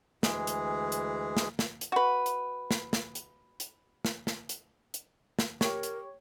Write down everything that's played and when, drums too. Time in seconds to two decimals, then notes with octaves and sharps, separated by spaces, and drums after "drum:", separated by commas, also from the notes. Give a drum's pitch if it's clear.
0.23 D2 E3 G#3 G#4, drum: snare
0.47 drum: hi-hat
0.92 drum: hi-hat
1.37 drum: snare
1.59 drum: snare
1.81 drum: hi-hat
1.92 F#4 B4
2.26 drum: hi-hat
2.71 drum: snare
2.93 drum: snare
3.15 drum: hi-hat
3.60 drum: hi-hat
4.05 drum: snare
4.27 drum: snare
4.49 drum: hi-hat
4.94 drum: hi-hat
5.39 drum: snare
5.61 G4 A#4 C#5, drum: snare
5.83 drum: hi-hat